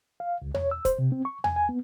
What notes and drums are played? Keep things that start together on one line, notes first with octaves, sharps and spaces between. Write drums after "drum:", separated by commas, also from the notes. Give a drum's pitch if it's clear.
F5
C#2
C#5, drum: tom E2
E6
C5, drum: kick, hi-hat
C3
C4
C#6
G#5, drum: tom E2
G#5
B3